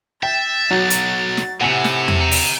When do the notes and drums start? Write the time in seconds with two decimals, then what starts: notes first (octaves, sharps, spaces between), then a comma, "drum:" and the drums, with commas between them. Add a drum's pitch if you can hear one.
0.23 E5 G5 A6
0.71 B1 F#3
0.90 drum: hi-hat
1.37 drum: snare
1.61 A2 C3 F#5 G#5 E6 C#7
1.84 drum: snare
2.08 drum: tom E2
2.21 G5 A#5
2.31 drum: open hi-hat